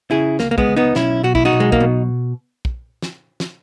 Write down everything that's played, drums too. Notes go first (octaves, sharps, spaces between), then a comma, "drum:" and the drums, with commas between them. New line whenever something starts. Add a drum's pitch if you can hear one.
C#3 E4 G#4
C#2 A#3, drum: snare
A#3
G#3 B3, drum: kick
C#2
B3 D#4
B1 C#4 E4, drum: snare
B2 F#4
E4, drum: kick
D#4 F#4
B1
G#3
A#3, drum: kick
B2
drum: kick
drum: snare
drum: snare